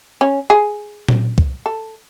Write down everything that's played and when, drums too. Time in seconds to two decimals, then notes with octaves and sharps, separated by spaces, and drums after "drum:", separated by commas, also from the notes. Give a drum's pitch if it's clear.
0.21 C#4
0.50 G#4
1.08 drum: tom A#2
1.38 drum: kick
1.66 A4